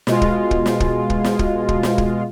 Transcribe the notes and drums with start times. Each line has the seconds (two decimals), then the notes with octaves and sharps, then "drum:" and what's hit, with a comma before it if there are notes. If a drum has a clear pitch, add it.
0.07 B2 G#3 F4, drum: snare
0.22 drum: kick
0.51 drum: kick
0.66 drum: snare
0.80 drum: kick
1.10 drum: kick
1.24 drum: snare
1.39 drum: kick
1.69 drum: kick
1.83 drum: snare
1.98 drum: kick